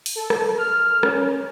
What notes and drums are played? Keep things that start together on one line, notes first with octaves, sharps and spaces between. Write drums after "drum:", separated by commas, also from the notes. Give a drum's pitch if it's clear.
drum: open hi-hat
A4
drum: rim click
F6
C#4, drum: rim click